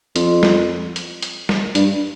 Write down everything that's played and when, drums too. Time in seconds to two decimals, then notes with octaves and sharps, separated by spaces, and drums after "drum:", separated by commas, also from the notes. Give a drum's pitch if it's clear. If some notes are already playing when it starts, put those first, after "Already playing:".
0.16 F2, drum: hi-hat
0.43 drum: snare
0.96 drum: hi-hat
1.23 drum: hi-hat
1.49 drum: snare
1.75 G2, drum: hi-hat